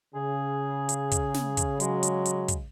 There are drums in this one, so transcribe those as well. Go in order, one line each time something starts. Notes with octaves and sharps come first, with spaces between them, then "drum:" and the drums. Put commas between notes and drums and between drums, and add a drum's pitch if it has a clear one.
C#3 G#4
drum: hi-hat
drum: kick, hi-hat
drum: snare
drum: kick, hi-hat
F#3 G#3, drum: hi-hat
drum: hi-hat
drum: hi-hat
drum: kick, hi-hat